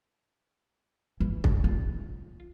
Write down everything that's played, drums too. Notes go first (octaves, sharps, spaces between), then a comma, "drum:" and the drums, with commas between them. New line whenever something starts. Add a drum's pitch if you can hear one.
E3
drum: kick
F4